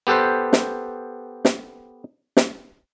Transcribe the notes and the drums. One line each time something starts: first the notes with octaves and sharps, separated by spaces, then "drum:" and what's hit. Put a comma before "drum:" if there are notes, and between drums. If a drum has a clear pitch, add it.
B3 G4 A4 B4 C5
drum: snare
drum: snare
drum: snare